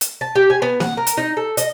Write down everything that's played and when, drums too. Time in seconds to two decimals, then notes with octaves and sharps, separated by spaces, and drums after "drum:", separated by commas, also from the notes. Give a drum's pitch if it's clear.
0.01 drum: hi-hat
0.21 A5
0.35 G4
0.50 G#5
0.62 B3
0.80 F#5, drum: snare A#3
0.97 A#4
1.07 drum: hi-hat
1.17 D#4
1.37 A4
1.57 D#5, drum: hi-hat